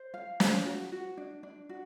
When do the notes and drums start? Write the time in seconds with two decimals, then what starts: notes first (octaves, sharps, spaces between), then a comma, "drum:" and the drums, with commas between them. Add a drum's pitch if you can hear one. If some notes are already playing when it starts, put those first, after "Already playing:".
Already playing: C5
0.14 F5
0.40 C5, drum: snare
0.66 F#4
0.92 F#4
1.17 D4
1.43 D4
1.69 F#4